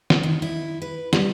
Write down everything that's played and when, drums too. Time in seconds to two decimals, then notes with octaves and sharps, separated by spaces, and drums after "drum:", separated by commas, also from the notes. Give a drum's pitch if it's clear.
0.10 drum: snare
0.23 D#3
0.42 E4
0.82 B4
1.13 G3, drum: snare